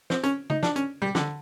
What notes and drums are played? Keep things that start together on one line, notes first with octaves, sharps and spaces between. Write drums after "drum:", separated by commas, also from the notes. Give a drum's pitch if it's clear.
C4, drum: snare
C#4, drum: hi-hat
D#4, drum: tom C#3
D4, drum: snare
C#4, drum: hi-hat
G3, drum: tom
D3, drum: snare